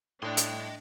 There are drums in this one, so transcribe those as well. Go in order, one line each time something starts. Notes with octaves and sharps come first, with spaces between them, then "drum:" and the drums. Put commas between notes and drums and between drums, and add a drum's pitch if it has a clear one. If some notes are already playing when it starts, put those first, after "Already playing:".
A2 D4 D#5 G5 C6 F#6
drum: hi-hat